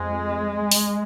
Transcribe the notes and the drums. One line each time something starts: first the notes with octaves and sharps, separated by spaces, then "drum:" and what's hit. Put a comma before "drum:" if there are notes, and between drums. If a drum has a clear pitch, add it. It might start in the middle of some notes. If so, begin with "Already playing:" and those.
Already playing: F2 G#3
drum: open hi-hat